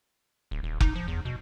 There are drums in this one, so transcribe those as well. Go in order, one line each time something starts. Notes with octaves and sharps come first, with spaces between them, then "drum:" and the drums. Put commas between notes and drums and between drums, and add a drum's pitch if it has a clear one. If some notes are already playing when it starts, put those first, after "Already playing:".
D1
D#1
D#4, drum: kick F1
F3
E2
B2